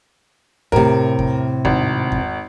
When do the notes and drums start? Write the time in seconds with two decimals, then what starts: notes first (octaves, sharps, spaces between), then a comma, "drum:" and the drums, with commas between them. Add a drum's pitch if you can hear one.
0.72 A2 C3 A#4, drum: kick E2
1.19 drum: kick E2
1.65 G#1, drum: kick E2
2.12 drum: kick E2